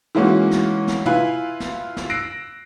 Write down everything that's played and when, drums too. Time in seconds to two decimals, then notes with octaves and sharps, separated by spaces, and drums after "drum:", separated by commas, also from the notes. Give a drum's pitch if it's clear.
0.15 E3 G#3 A#3 C#4 D#4 F#4
0.51 drum: snare
0.87 drum: snare
1.06 E4 F4 B4 F5 G#5, drum: tom
1.60 drum: snare
1.97 drum: snare
2.10 E6 F#6 A#6 C7 D7